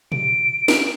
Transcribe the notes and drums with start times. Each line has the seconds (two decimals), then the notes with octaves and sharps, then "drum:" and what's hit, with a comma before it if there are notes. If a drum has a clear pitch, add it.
0.12 D7, drum: tom A#2
0.68 drum: snare